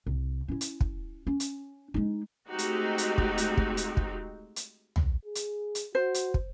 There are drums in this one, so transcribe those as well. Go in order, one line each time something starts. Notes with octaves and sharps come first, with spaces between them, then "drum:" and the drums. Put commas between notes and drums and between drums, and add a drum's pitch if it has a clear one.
C2
C#4 E4
drum: hi-hat
drum: kick
C#4
drum: hi-hat
G#3 D#4
G#3 A3 C4 D#4 F#4 G4
drum: hi-hat
drum: hi-hat
drum: kick
drum: hi-hat
drum: kick
drum: hi-hat
drum: kick
drum: hi-hat
drum: tom
G#4
drum: hi-hat
drum: hi-hat
F#4 C5
drum: hi-hat
drum: kick